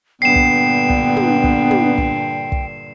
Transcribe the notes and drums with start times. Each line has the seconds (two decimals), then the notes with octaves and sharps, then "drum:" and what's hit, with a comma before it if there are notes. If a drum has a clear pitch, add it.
0.22 G2 A#2 D3 B3 G5 C7 E7
0.35 drum: kick
0.89 drum: kick
1.17 drum: tom
1.44 drum: kick
1.71 drum: tom
1.98 drum: kick
2.52 drum: kick